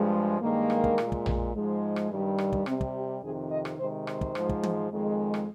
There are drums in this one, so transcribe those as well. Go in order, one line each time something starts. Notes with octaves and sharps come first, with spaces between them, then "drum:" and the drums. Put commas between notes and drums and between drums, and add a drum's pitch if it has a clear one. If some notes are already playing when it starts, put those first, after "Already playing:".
Already playing: G2 F3 G#3
G2 D#3 G#3 A#3
drum: rim click
drum: kick
A#2 G#3, drum: rim click
drum: kick
drum: tom A#1
G#2 F3 G#3
drum: rim click
G2 D#3 G3
drum: rim click
drum: kick
C3 G3 C4, drum: rim click
drum: kick
G4
F2 C3 D#3 G#4
D#5
drum: rim click
C3 D#3 G#3 C5
C5, drum: rim click
drum: kick
G#2 F3 G#3, drum: rim click
drum: kick
drum: tom
F2 D#3 G#3
drum: rim click